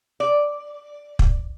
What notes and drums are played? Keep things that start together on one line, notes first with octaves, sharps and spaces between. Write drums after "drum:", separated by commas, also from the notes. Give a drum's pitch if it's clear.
D5
drum: kick